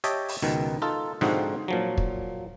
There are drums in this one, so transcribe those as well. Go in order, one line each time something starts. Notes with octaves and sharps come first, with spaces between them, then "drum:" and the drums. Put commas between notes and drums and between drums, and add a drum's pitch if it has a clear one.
G4 C#5 D#5 E5 G5 A5, drum: hi-hat
drum: open hi-hat
C#2 B2 D#3
D#4 F4 A4
G#2 D3 F3 C4 D#4 F#4, drum: snare
A#2 F3 F#3
drum: kick